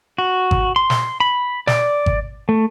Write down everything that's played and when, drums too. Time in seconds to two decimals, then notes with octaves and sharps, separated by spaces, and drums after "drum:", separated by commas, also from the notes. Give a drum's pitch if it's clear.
0.18 F#4
0.51 drum: kick G#1
0.76 C6
0.90 drum: snare
1.20 B5
1.67 D5, drum: snare
2.06 drum: kick G#1
2.49 A3